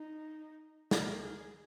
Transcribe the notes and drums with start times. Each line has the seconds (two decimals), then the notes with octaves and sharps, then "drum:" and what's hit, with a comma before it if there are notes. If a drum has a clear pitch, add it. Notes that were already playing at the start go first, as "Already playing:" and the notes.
Already playing: D#4
0.91 A#4, drum: snare
1.21 G#4